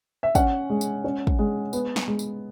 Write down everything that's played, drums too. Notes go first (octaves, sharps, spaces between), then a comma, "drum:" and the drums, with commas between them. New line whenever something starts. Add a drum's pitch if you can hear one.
E5
C#4 F#5, drum: kick, tambourine
G#3
drum: tambourine
C#4
drum: kick
G#3
B3, drum: tambourine
drum: snare
G#3
drum: tambourine